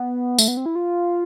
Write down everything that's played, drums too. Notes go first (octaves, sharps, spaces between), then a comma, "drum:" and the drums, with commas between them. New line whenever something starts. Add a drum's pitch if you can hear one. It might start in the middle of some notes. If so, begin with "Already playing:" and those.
Already playing: B3
A3, drum: tambourine
B3
C4
E4
F4